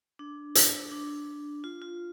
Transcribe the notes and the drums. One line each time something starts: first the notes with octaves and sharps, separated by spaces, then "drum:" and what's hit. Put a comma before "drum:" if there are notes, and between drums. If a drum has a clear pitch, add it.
D4
drum: hi-hat
D4
F4
F4